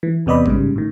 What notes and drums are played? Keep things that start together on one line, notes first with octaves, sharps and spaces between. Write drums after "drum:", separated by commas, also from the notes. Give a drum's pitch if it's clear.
E3
E2 C3 B3 D5 D#5 B5
G#2 C#3 G3, drum: kick G#1
A2 D#3